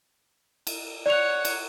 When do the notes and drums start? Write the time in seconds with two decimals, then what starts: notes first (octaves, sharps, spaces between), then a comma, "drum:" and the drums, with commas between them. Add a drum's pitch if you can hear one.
0.67 drum: cymbal
1.06 C#5 D5 F#5 F7
1.45 drum: cymbal